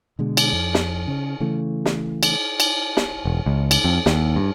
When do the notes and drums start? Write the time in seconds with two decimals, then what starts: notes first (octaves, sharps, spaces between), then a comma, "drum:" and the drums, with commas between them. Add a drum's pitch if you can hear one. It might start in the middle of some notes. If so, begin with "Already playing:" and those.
0.19 B2 D3 G#3
0.37 drum: cymbal
0.53 F2
0.74 drum: snare
1.08 C#3
1.40 C#3 E3 A3
1.86 drum: snare
2.23 drum: cymbal
2.60 drum: cymbal
2.97 drum: snare
3.25 E1
3.46 C#2
3.71 drum: cymbal
3.84 F2
4.06 D#2, drum: snare
4.36 G2